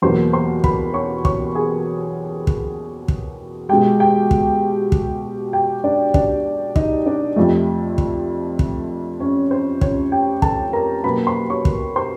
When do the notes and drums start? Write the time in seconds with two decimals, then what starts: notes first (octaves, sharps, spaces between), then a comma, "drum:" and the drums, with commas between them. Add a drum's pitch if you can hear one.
0.02 E2 B2 F#3 A#3 C5 C6
0.33 C5 C6
0.64 B4 B5, drum: kick
0.94 C#5 C#6
1.25 C#5 C#6, drum: kick
1.55 G#4 G#5
2.47 drum: kick
3.08 drum: kick
3.69 B2 G#3 G4 G5
4.00 G4 G5
4.31 drum: kick
4.92 drum: kick
5.53 G4 G5
5.84 D4 D5
6.14 D4 D5, drum: kick
6.76 D#4 D#5, drum: kick
7.06 D4 D5
7.36 F2 C3 F3 A3
7.98 drum: kick
8.59 drum: kick
9.20 C#4 C#5
9.51 C5
9.81 C#4 C#5, drum: kick
10.12 G4 G5
10.42 A4 A5, drum: kick
10.73 A#4 A#5
11.04 B2 F#3 A#3 B4 B5
11.27 C5 C6
11.50 C#5 C#6
11.65 drum: kick
11.96 C5 C6